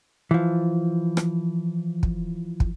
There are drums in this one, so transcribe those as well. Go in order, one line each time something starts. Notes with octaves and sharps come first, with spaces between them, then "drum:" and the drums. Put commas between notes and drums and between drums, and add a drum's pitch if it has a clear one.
E3 F3
drum: rim click
drum: kick
drum: kick